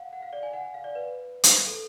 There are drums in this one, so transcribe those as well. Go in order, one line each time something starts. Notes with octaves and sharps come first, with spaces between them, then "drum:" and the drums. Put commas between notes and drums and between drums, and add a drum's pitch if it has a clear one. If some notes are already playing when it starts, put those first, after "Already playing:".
Already playing: F5 F#5
F#5
F5
D5
G#5
F#5
F5
D5
B4
drum: hi-hat
A4